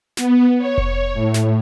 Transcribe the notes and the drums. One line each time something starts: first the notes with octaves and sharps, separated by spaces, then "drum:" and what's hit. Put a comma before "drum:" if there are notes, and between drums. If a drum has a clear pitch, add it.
B3, drum: snare
C#5
drum: kick F1
A2
drum: snare